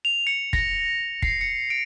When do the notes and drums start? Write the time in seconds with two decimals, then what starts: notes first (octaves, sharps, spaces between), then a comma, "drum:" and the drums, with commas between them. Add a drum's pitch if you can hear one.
0.05 F7
0.27 C#7
0.53 A#6, drum: kick
1.22 C7, drum: kick
1.41 C#7
1.70 D7